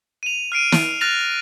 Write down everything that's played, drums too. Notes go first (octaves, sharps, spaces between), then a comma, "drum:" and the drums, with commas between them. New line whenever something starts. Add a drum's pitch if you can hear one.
D#7 F7
F6 C7 D7 D#7
drum: snare
F6 F#6 A6 A#6 F7